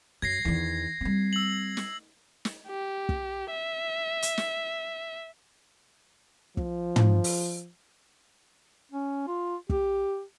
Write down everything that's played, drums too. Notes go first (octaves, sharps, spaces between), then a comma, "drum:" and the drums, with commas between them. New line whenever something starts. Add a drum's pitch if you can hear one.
F#2 G#6 A#6 C7
E2 D#3
G3 C4
E6 F#7
drum: snare
drum: snare
G4
drum: kick
E5
drum: hi-hat
drum: snare
F3, drum: kick
drum: tom
drum: open hi-hat
C#4
F4
G4, drum: kick